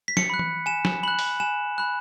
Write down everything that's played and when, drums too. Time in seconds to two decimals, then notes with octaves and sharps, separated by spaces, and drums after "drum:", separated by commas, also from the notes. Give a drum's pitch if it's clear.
0.08 B6
0.17 C#7, drum: snare
0.30 B5 F#6
0.39 drum: tom E3
0.66 G#5 E7
0.85 drum: snare
1.03 B5 F#6 F#7
1.19 drum: open hi-hat
1.40 G#5 E7
1.78 B5 F#6